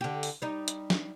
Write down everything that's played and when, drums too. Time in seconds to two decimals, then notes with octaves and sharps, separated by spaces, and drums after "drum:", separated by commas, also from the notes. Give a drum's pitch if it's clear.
0.01 D3 G4
0.23 drum: open hi-hat
0.42 G3 D#4
0.68 drum: hi-hat
0.90 drum: snare